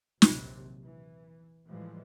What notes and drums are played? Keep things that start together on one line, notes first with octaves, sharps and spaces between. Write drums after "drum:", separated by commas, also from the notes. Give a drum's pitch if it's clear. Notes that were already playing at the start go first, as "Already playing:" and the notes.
A#1 D#2 C3 F#3, drum: snare
E3
A2 E3 F3 G3 G#3